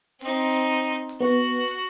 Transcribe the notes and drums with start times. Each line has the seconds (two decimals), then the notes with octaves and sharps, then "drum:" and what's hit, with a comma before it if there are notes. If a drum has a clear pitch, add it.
0.21 C4 D#4, drum: hi-hat
0.51 drum: hi-hat
1.09 drum: hi-hat
1.21 B3 F#4
1.68 drum: hi-hat